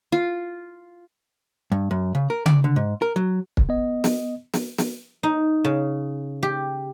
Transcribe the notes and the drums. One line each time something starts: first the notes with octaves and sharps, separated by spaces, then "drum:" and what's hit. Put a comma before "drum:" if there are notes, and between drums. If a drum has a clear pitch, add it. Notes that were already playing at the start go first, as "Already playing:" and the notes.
F4
G2
F#2
C#3
A#4
D5, drum: tom C#3
D3
G#2
A#4
F#3
drum: kick
B3 D#5
drum: snare
drum: snare
drum: snare
D#4
C#3
G4